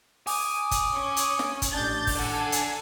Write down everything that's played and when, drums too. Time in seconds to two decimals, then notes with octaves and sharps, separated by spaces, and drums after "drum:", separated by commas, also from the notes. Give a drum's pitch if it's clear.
0.27 G#5 D6 D#6, drum: open hi-hat
0.71 drum: kick, hi-hat
0.94 C#4
1.17 drum: hi-hat
1.39 drum: snare
1.62 drum: kick, hi-hat
1.72 A1 D4 G6 A6
2.07 drum: kick, open hi-hat
2.16 A4 D5 F#5 G#5
2.52 drum: hi-hat